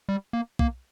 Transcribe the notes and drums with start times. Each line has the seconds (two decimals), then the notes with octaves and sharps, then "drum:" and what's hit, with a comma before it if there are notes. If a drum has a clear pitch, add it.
0.09 G3
0.33 A#3
0.59 A#3, drum: kick